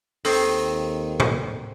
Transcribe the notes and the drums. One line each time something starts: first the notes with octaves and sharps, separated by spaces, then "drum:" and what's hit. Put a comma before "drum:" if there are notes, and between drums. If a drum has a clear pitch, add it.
D#2 D#3 G#3 C4 A4, drum: open hi-hat
drum: tom A2